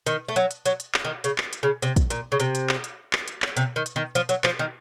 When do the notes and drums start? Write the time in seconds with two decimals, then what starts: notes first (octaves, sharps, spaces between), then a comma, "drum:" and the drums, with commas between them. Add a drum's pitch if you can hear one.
0.06 D#3, drum: hi-hat
0.28 A3
0.36 F#3, drum: hi-hat
0.51 drum: hi-hat
0.65 F#3, drum: hi-hat
0.80 drum: hi-hat
0.94 drum: clap
1.05 D#3
1.24 C#3, drum: hi-hat
1.38 drum: clap
1.53 drum: hi-hat
1.63 C#3
1.82 C3, drum: hi-hat
1.96 drum: kick, hi-hat
2.10 A#2, drum: hi-hat
2.32 C#3
2.40 C3, drum: hi-hat
2.55 drum: hi-hat
2.69 drum: clap
2.84 drum: hi-hat
3.13 drum: clap
3.28 drum: hi-hat
3.42 drum: clap
3.57 C3, drum: hi-hat
3.76 D#3
3.86 drum: hi-hat
3.96 D#3
4.15 F3, drum: hi-hat
4.29 F#3, drum: hi-hat
4.44 F3, drum: clap
4.59 D#3